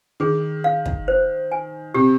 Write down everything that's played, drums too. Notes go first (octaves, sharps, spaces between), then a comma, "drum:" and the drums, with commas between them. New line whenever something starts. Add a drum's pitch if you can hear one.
D#3 G#4
F5
drum: kick
C5
G#5
C3 G4